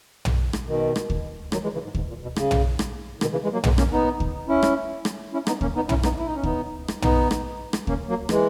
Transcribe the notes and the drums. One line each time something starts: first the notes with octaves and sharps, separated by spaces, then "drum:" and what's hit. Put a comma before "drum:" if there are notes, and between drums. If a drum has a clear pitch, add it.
drum: tom
drum: rim click
B2 D#3
drum: rim click
drum: kick D2
D#3 F#3, drum: rim click
E3 G#3
C#3 E3
G#2
G#2, drum: kick D2
A#2
B2
C#3, drum: rim click
drum: tom
drum: rim click
B2 D#3, drum: rim click
C#3 E3
E3 G#3
F#3 A#3
G#3 B3, drum: tom
A#3 C#4, drum: rim click
B3 D#4
drum: kick D2
C#4 E4
drum: rim click
drum: rim click
C#4 E4
B3 D#4, drum: rim click
A#3 C#4, drum: kick D2
B3 D#4
C#4 E4, drum: tom
B3 D#4, drum: rim click
E4
D#4
C#4
B3 D#4, drum: kick D2
drum: rim click
B3 D#4, drum: tom
drum: rim click
drum: rim click
A#3 C#4, drum: kick D2
F#3 A#3
E3 G#3, drum: rim click